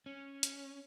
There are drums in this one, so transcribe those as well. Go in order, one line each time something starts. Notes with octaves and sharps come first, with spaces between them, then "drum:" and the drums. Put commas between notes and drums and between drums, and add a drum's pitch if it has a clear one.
C#4
drum: hi-hat